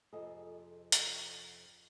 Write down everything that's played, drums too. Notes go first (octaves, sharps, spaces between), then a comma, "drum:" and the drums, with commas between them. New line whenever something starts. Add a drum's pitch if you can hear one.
F2 C3 G#4 A4 D#5
drum: hi-hat